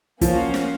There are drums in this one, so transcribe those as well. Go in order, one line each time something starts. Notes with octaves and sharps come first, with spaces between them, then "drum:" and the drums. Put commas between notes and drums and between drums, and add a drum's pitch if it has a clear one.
F3 A#3 C#4 F#4 C5 F5, drum: kick, hi-hat
drum: snare